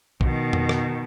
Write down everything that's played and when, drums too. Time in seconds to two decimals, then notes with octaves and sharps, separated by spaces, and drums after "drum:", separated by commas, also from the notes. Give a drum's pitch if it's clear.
0.21 B2 D#3, drum: kick
0.53 drum: tom F2
0.69 drum: rim click